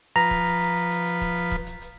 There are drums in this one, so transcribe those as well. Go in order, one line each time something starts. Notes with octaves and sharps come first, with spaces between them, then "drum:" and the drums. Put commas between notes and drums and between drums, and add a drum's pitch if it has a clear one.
F3 B4 A#5, drum: hi-hat
drum: kick, hi-hat
drum: hi-hat
drum: hi-hat
drum: hi-hat
drum: hi-hat
drum: hi-hat
drum: kick, hi-hat
drum: hi-hat
drum: kick, hi-hat
drum: hi-hat
drum: hi-hat